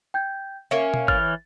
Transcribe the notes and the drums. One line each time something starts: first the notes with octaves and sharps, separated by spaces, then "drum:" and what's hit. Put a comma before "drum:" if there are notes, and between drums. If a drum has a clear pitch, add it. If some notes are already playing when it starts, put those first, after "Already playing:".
G5 G6 G#6
A#3 C#4 E5
drum: tom B2
E3 C#5 F6 A6, drum: kick